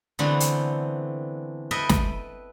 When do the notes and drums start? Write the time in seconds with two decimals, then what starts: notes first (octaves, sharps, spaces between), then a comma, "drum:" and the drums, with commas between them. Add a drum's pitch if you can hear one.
0.19 D3 E3 A3 B3 C4
0.40 drum: hi-hat
1.71 A4 B4 D#5 E5 G5
1.89 drum: snare